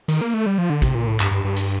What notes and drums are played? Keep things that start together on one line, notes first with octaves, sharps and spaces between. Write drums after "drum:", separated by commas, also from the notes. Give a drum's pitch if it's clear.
D#3, drum: hi-hat
A#3
A3
G3
F3
D3
C3, drum: kick, hi-hat
A#2
A2
G2, drum: clap
G2
G2
drum: hi-hat